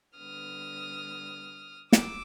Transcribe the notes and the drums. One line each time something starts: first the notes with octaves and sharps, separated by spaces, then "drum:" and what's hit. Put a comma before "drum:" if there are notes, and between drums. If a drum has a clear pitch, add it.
D3 G3 B3 D#6 F6
D6 E6, drum: snare